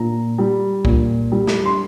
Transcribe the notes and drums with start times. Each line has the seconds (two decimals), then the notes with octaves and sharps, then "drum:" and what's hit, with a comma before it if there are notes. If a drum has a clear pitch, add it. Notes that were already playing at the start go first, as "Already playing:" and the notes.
Already playing: A#2 A#5
0.38 G3
0.85 A#2, drum: kick
1.32 G3
1.47 drum: snare
1.66 C6